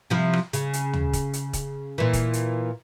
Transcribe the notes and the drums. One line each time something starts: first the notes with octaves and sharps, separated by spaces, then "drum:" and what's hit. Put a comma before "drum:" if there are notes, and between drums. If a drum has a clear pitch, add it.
C3 F3 E4
drum: rim click
C#3, drum: hi-hat
drum: hi-hat
drum: tom
drum: kick, hi-hat
drum: hi-hat
drum: kick, hi-hat
A#2 E3
drum: kick, hi-hat
drum: hi-hat